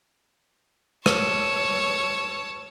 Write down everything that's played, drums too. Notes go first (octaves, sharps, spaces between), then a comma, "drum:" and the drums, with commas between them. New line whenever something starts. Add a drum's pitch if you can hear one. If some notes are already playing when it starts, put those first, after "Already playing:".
C#5 A5, drum: rim click